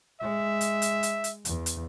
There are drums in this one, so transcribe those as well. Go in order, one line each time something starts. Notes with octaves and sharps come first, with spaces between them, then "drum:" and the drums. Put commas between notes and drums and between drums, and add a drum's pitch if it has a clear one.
G#3 E5
drum: hi-hat
drum: hi-hat
drum: hi-hat
drum: hi-hat
E2, drum: hi-hat
drum: hi-hat